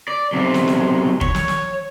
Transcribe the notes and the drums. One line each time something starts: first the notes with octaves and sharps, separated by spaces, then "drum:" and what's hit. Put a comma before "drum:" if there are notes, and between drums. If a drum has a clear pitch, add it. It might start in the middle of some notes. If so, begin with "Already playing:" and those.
D5
B1 C3
drum: snare
drum: snare
C#5, drum: kick
drum: snare
drum: snare